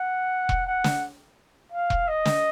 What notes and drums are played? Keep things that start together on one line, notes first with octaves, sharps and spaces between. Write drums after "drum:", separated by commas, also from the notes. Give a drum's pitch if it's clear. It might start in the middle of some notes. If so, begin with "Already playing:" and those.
Already playing: F#5
drum: kick E1
F#5
drum: snare
F5
drum: kick E1
D#5
drum: snare